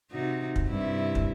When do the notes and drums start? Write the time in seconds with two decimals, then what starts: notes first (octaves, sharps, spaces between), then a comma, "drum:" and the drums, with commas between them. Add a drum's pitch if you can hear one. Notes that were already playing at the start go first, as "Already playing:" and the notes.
0.11 C3 D#4 F#4
0.56 drum: kick
0.66 G2 C3 E4
1.15 drum: kick